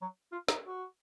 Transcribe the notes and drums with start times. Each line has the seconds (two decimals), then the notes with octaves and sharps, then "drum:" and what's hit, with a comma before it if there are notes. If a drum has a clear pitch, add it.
0.02 F#3
0.32 F4
0.48 D#4, drum: snare
0.65 F#4